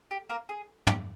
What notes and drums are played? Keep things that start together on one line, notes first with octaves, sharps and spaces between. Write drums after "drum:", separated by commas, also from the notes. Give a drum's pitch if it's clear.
G4
A#3 A#4
G#4
G4, drum: tom